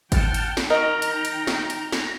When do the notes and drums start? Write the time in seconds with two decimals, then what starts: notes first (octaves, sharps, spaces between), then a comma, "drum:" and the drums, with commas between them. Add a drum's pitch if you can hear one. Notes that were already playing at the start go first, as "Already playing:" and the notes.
0.12 F#5 G5 A5 F6, drum: kick G#1, hi-hat
0.34 drum: hi-hat
0.57 drum: snare
0.70 D#4 F#4 A#4 D#5 G5 A#5
1.02 drum: hi-hat
1.25 drum: hi-hat
1.47 drum: snare
1.70 drum: hi-hat
1.92 drum: snare